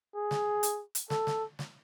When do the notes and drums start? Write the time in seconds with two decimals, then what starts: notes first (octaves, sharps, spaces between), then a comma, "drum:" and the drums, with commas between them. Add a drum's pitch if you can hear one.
0.15 G#4
0.31 drum: snare
0.63 drum: hi-hat
0.95 drum: hi-hat
1.10 A4, drum: snare
1.27 drum: snare
1.59 drum: snare